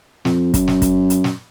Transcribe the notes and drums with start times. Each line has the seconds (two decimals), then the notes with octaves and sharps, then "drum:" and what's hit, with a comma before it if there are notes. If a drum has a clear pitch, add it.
0.25 F2, drum: snare
0.54 F#2, drum: kick, hi-hat
0.68 drum: snare
0.82 drum: kick, hi-hat
1.10 drum: hi-hat
1.24 drum: snare